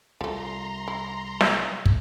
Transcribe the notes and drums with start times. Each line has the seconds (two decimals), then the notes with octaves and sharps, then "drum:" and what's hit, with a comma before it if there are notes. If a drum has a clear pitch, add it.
0.21 C2 F3 A3 A#5 C6
0.88 E4
1.41 drum: snare
1.86 drum: kick